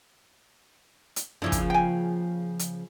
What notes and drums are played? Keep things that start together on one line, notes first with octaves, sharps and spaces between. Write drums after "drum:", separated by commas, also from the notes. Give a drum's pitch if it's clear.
drum: hi-hat
C#3 F3 A#3 D4 E4
drum: kick, hi-hat
G5 G#5
drum: hi-hat